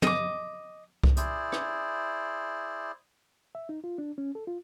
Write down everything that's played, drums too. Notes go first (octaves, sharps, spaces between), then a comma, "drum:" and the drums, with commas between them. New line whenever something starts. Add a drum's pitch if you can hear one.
D#5 D6, drum: tom
drum: kick C2
E4 G#4 C5 D5, drum: hi-hat
drum: rim click
E5
D#4
F4
D4
C#4
A4
F4